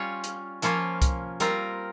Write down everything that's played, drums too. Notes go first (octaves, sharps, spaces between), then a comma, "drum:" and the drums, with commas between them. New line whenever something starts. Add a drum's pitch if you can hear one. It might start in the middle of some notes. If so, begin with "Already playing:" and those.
Already playing: G3 C#4 F4 C#5
drum: hi-hat
F3 A#3 C#4 F4, drum: hi-hat
drum: kick C2, hi-hat
G3 C4 F4 A#4, drum: hi-hat